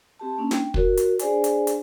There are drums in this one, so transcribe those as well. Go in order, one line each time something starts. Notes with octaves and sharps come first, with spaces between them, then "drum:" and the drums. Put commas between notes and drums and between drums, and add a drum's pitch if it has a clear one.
C4 G4 A5
A#3 C#4 D4
G5, drum: snare
F#4 A#4 C#5, drum: kick
drum: hi-hat
D4 G#4 C5 D5 G#5, drum: hi-hat
drum: hi-hat
drum: hi-hat